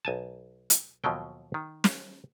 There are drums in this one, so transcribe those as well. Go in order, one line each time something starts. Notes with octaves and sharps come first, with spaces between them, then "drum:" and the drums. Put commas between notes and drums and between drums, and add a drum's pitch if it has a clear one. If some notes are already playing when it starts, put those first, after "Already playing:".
B1 G#5 A5
drum: hi-hat
D#2 B2 F3 F#3 G5
D#3
drum: snare